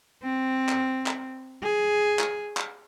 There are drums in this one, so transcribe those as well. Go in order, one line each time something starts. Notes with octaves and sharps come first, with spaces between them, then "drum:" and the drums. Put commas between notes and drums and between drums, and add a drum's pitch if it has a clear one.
C4
drum: clap
drum: clap
G#4
drum: clap
drum: clap